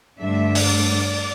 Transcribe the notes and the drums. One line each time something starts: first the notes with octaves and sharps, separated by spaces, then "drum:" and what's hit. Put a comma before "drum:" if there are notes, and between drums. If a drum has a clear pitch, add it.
G2 D3 A3 D4 E5
drum: open hi-hat
D5